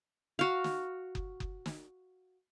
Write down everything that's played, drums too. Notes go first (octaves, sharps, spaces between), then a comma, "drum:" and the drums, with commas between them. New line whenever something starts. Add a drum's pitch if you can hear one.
F#4 F5
drum: snare
drum: kick F#1
drum: kick F#1
drum: snare